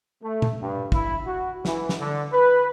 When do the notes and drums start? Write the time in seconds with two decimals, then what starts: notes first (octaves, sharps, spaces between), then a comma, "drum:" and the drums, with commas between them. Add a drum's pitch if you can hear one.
0.23 A3
0.42 drum: tom
0.60 G2
0.92 E4, drum: kick
1.26 F#4
1.65 E3, drum: snare
1.89 drum: snare
1.99 D3
2.32 B4